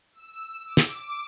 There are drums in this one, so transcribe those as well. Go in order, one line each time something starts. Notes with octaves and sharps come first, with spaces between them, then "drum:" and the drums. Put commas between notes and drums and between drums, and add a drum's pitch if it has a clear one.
E6
D6
drum: snare